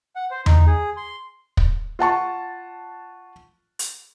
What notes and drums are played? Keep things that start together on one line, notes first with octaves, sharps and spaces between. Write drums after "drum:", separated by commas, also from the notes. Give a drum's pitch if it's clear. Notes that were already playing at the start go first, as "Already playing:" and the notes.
F#5
C5
D#4, drum: tom E2
G#4
C6
drum: kick
F4 F#5 A5 C#6
drum: hi-hat